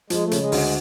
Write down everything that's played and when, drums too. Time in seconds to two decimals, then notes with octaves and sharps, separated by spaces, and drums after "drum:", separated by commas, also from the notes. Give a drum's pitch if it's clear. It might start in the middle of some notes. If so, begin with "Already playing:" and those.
0.10 F3 G#3, drum: hi-hat
0.24 A3
0.31 C#3, drum: hi-hat
0.38 G#3
0.52 D2, drum: open hi-hat